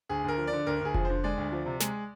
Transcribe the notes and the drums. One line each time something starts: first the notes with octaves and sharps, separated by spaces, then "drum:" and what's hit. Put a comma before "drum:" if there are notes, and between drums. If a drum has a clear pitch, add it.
D2 G#4
D2 A#4
F3
D5
D3
D2 A#4
D2 G#4
F3, drum: kick F1
D3 C5
G#3 D5
D2
F3
C3
G#3, drum: snare